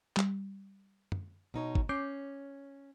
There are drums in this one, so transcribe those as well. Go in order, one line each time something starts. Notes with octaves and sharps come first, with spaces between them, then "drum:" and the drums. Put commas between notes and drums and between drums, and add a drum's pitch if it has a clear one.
G3, drum: clap
drum: tom
B2 D#4 C#5
drum: kick
C#4 D6 G6 C7